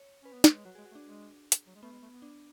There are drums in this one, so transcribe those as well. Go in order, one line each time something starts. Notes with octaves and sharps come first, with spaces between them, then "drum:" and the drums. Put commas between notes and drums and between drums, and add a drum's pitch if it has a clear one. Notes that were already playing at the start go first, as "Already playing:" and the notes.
Already playing: C#5
C#4 B4
B3
A3, drum: snare
G#3
F#3 F#4
G#4
G#3
F#4
A3
D4
G#3
drum: hi-hat
F#3
G#3
A3 B3
G#3
A3
B3
D4